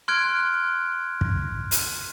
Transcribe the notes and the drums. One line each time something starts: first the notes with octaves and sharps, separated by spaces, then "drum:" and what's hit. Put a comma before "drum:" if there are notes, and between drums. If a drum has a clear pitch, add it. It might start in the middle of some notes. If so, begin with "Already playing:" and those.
C6 F6 F#6 G#6 D7
drum: kick
drum: hi-hat